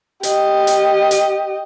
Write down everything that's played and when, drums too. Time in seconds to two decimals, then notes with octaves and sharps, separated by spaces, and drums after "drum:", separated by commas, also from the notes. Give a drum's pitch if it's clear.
0.23 G4 D#5, drum: hi-hat
0.67 drum: hi-hat
1.11 drum: hi-hat